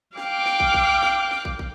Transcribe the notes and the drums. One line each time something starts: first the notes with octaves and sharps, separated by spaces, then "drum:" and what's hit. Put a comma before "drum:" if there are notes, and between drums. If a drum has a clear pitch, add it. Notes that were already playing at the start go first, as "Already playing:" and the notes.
F5 G5 D6 F#6, drum: snare
drum: snare
drum: kick
drum: kick
drum: snare
drum: snare
drum: kick
drum: kick